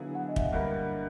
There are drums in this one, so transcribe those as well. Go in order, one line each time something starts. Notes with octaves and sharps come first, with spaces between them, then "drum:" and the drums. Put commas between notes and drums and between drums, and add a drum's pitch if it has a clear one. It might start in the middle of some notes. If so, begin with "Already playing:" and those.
Already playing: D3 F#3 B3 E4 G#4 F5
F#5
D#5
E5, drum: kick
F5
G2 D3 G3 A#3 F#5